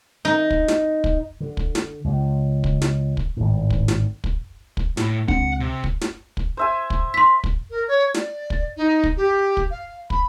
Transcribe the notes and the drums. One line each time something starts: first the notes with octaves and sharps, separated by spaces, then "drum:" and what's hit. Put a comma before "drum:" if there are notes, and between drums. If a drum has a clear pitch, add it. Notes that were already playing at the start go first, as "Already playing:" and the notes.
D#4
drum: kick
drum: snare
drum: kick
D3
drum: kick
drum: snare
C#2
drum: kick
drum: snare
drum: kick
G#1 A2
drum: kick
drum: snare
drum: kick
drum: kick
A2, drum: snare
C#2 C4 D4 F#5, drum: kick
C3
drum: kick
drum: snare
drum: kick
C5 E5 G#5
drum: kick
C6 B6
drum: kick
A#4
C#5
D5, drum: snare
drum: kick
D#4
drum: kick
G4
drum: kick
F5
B5, drum: kick